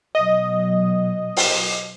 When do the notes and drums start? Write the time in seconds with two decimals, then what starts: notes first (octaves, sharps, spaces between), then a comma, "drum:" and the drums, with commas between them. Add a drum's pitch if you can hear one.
0.15 B2 F#3 D#5
1.37 drum: open hi-hat